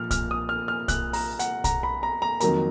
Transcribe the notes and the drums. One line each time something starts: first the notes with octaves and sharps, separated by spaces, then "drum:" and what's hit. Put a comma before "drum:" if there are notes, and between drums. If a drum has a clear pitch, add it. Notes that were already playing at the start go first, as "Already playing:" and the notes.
Already playing: A#2 F3 F6
F6, drum: kick, hi-hat
D#6
F6
F6
F#6, drum: kick, hi-hat
A#5, drum: open hi-hat
F#5, drum: hi-hat
A#5, drum: kick, hi-hat
B5
A#5
A#5
F2 D#3 F#3 A#3 A#5, drum: hi-hat